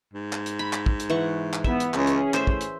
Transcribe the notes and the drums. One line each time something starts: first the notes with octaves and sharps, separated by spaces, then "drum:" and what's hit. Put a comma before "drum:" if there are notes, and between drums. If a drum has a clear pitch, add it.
G#2
drum: clap
drum: hi-hat
B5
drum: clap
drum: kick
drum: hi-hat
E3 F#5 C#6
drum: clap
B3 E4 E5, drum: kick
drum: hi-hat
C#2 C#4 G#4, drum: clap
drum: hi-hat
A2 C5 E5, drum: clap
drum: kick
drum: hi-hat